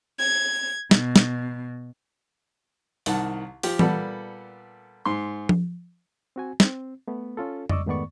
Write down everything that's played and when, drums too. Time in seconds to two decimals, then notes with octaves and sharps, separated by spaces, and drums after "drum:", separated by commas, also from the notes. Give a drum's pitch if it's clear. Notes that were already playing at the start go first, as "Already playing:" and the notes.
0.18 G#6
0.91 B2, drum: snare
1.16 drum: snare
3.06 C2 D#3 F#5 A5, drum: open hi-hat
3.63 F3 G4, drum: open hi-hat
3.79 A#2 G3 B3 A4 F#5 A5, drum: tom E3
5.05 G#2 C6
5.49 drum: tom F3
6.36 C4 F#4 G#5
6.60 C4, drum: snare
7.08 A3 B3
7.37 C#4 F4 A4
7.69 D5 D#5 C#6 D6 E6, drum: tom F2
7.86 G#2 D#3 A3 B3 D5 C#6